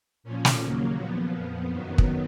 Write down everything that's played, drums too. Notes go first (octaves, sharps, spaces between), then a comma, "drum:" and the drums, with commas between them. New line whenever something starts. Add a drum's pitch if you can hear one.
A#2 F3 C#4
drum: snare
D#2 C#3 F#3 A#3
A#2 F3 B3
F2 F3
F#2 D#3 F#3 B3
drum: kick